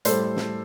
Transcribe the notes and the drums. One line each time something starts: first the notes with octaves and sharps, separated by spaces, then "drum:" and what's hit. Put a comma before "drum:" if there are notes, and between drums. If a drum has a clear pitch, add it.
A2 G3 A4 C5, drum: hi-hat
drum: snare